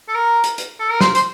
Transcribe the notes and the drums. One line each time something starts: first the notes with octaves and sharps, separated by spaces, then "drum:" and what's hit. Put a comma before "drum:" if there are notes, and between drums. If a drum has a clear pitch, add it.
A4
A#4
drum: hi-hat
drum: hi-hat
A4
A#4
C5, drum: snare
C5, drum: hi-hat